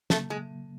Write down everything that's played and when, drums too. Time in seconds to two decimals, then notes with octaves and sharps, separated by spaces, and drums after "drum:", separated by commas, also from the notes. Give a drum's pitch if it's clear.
0.10 C#3 F#3 A3 A#3, drum: snare
0.30 G#3